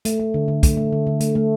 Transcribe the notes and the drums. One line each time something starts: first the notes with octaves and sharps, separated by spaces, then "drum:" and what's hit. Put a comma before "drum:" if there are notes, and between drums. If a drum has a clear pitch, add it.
A3, drum: hi-hat
A3
D3
D3
A3, drum: kick, hi-hat
A3
D3
D3
A3, drum: hi-hat
A3